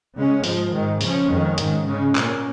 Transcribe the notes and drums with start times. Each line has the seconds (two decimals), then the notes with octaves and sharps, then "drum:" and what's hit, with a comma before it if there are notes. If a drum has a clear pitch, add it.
0.16 C#3 G#3 C#4
0.44 G#2 F3 G#3, drum: open hi-hat
0.72 G#2 D#3 G#3
1.01 C#3 F3 C#4, drum: open hi-hat
1.30 F2 D#3 G#3 C#4
1.58 G#2 D#3 G#3, drum: hi-hat
1.86 C#3 G#3 C#4
2.15 A#2 A#3 C#4, drum: clap